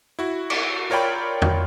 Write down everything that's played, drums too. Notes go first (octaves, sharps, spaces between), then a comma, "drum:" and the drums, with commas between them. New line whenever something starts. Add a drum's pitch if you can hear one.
E4 F#4
drum: cymbal
F4 A#4 C#5 D5 G5 B5
drum: tom